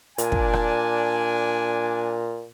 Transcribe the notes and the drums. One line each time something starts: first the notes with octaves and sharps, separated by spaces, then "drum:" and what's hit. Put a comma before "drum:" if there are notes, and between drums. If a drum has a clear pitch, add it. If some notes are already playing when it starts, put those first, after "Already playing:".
A#2 D4 G#5, drum: hi-hat
drum: kick
drum: rim click